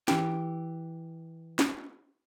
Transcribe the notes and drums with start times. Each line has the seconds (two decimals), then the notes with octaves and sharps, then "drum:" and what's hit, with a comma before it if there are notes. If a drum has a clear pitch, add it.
0.08 E3 G4, drum: snare
1.59 drum: snare